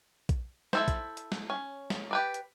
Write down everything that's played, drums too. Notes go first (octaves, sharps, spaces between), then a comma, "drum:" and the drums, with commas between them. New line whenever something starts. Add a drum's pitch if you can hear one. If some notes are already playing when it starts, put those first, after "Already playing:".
drum: kick A#1, hi-hat
E4 A4 C5, drum: snare
drum: kick A#1, hi-hat
drum: hi-hat
drum: snare
C#4
drum: snare
G4 B4 D5
drum: hi-hat